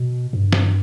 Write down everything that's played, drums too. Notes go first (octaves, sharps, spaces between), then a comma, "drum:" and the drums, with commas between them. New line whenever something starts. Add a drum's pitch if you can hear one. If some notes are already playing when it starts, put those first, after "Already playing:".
Already playing: B2
G2
drum: snare